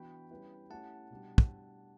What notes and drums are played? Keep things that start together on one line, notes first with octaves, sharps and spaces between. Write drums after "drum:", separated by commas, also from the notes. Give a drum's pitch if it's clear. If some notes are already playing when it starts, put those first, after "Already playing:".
Already playing: E3 B3 D4 F#4 G5 B5
G3 C#4 E4 B4
A3 C#4 E4 G4 F#5 A5
B2 G3 D4
drum: kick